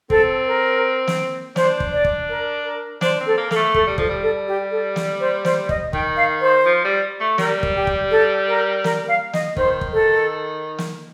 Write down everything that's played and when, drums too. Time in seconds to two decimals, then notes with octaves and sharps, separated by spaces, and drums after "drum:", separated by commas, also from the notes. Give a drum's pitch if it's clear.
0.10 C4 A4, drum: kick
0.47 A#4
1.07 drum: snare
1.56 D4 C5, drum: snare
1.80 drum: kick
1.93 D5
2.05 drum: kick
2.29 A#4
2.65 A#4
3.01 D4 C5, drum: snare
3.20 C4
3.26 A4
3.38 A#3
3.51 A#3 A4, drum: snare
3.56 A3
3.74 A3 A4, drum: kick
3.87 G3
3.98 F3 A4, drum: kick
4.09 G3
4.22 A4
4.48 G4
4.71 A4
4.96 drum: snare
5.20 C5
5.45 C5, drum: snare
5.69 D#5, drum: kick
5.93 D#3 G5, drum: kick
6.17 F5
6.41 C5
6.65 F3
6.84 G3
7.20 A3
7.38 G3 A#4, drum: snare
7.63 drum: kick
7.75 G4
7.87 drum: kick
8.11 A4
8.48 A#4
8.84 A#4, drum: snare
9.08 F5
9.33 D#5, drum: snare
9.57 D#3 C5, drum: kick
9.81 drum: kick
9.93 A4
10.78 drum: snare